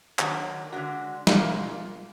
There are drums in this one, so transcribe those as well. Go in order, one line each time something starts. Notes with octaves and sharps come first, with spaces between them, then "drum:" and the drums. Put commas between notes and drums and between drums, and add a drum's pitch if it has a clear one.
D#3 F#3 A#3 D4, drum: clap
D3 G#3 D4 F#4
B2 A#3 F4 G#4, drum: snare